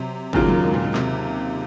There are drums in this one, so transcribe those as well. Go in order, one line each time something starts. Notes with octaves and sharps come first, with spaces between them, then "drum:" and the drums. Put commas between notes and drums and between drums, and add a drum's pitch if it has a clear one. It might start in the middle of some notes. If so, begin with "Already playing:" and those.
Already playing: C3 F#3
D#2 A#2 C#3 F#3 A#3 F4, drum: kick
F#2
G#2
A#2
G#2
C3, drum: clap